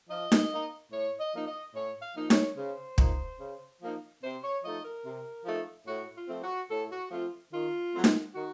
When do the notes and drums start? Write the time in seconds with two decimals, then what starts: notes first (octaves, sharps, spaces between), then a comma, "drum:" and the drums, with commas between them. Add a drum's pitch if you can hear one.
0.09 F3 D#5
0.32 drum: snare D#4
0.51 A#3 D#4
0.92 A2 C#5
1.19 D#5
1.34 F3 A#3 D#4
1.47 D#5
1.75 A2 C#5
2.02 F5
2.16 F3 A#3 D#4
2.30 C#5, drum: snare D#4
2.57 C#3 C5
2.98 F3 A#3 D#4, drum: kick
3.39 C#3
3.81 F3 A#3 D#4
4.22 C3 C5
4.42 C#5
4.63 F3 A3 D#4 D#5
4.83 A#4
5.05 C3
5.45 F3 A3 D#4
5.87 A2 F#4
6.15 F4
6.28 F3 A3 C4
6.42 F#4
6.69 A2 A4
6.91 F#4
7.11 F3 A3 C4 F4
7.53 D#3 F4
7.93 F#3 A3 C4
8.04 drum: snare D#4
8.34 D#3 F#4